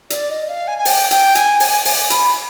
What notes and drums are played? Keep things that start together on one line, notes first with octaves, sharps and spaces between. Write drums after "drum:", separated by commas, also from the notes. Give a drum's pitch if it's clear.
D5, drum: hi-hat
D#5
F5
G#5
G#5
G5, drum: open hi-hat
G5, drum: hi-hat
G#5, drum: hi-hat
G#5, drum: open hi-hat
drum: open hi-hat
B5, drum: hi-hat